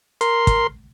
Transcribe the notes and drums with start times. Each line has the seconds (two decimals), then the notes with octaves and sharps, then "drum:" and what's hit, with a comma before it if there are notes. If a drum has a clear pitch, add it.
0.21 A#4 C6, drum: hi-hat
0.47 drum: kick, hi-hat